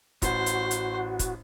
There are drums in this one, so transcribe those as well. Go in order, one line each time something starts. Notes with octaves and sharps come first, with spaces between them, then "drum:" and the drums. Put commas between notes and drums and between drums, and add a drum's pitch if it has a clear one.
A1 F#4 C5, drum: kick, hi-hat
drum: hi-hat
drum: hi-hat
drum: kick, hi-hat